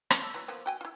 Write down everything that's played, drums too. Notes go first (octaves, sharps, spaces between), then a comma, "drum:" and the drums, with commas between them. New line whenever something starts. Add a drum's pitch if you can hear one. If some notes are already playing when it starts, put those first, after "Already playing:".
F4 C#5, drum: rim click
A4
E3 F#3
F3 A#3 B3
F#4 G5 G#5
E4 F4